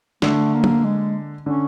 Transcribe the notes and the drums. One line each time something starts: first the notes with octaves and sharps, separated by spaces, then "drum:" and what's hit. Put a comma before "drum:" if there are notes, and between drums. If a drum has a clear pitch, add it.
D3 A3, drum: snare
A#3
drum: tom
G#3
D3 C#4